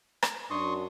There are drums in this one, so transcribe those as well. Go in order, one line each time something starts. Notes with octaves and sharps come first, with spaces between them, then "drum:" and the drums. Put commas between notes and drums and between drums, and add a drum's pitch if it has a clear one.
drum: rim click
F#2 D4 C6 C#6 D#6